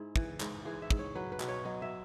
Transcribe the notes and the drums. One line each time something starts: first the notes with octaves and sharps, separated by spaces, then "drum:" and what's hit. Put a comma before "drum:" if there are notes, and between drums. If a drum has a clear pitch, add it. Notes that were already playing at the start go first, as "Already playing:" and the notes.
Already playing: G#2 E4 G#4
E3, drum: kick
G#2, drum: clap
E3 G#4
E5
G#2, drum: kick
C#5
F#3 B4
B4
B2, drum: clap
C#5
F#3 D#5
E5